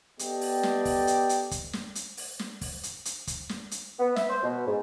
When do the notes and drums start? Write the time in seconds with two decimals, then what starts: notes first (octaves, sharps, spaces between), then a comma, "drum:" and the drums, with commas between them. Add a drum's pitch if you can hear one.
0.19 B3 G4 A4 D5 D#5 G5, drum: hi-hat
0.41 drum: open hi-hat
0.63 drum: snare
0.85 drum: kick, open hi-hat
1.07 drum: hi-hat
1.29 drum: hi-hat
1.51 drum: kick, hi-hat
1.73 drum: snare
1.95 drum: hi-hat
2.17 drum: open hi-hat
2.39 drum: snare
2.61 drum: kick, open hi-hat
2.83 drum: hi-hat
3.05 drum: hi-hat
3.27 drum: kick, hi-hat
3.49 drum: snare
3.71 drum: hi-hat
4.00 B3
4.16 E5, drum: snare
4.30 C5
4.43 B2
4.67 G#2